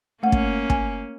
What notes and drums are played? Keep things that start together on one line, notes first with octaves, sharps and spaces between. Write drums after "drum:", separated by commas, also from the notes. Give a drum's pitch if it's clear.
A3 A#3 C#4 F#5
drum: kick
G#5, drum: kick